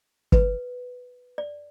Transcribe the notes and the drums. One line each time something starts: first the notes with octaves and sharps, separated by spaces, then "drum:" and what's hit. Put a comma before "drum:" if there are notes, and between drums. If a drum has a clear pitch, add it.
B4, drum: kick
D5